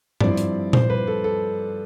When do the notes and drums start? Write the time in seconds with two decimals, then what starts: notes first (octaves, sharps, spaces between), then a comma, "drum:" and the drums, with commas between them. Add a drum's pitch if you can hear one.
0.21 G2 F3 C4 E4 D5, drum: tom G#2
0.37 drum: hi-hat
0.73 C5, drum: tom A#2
0.90 B4
1.07 A4
1.24 A4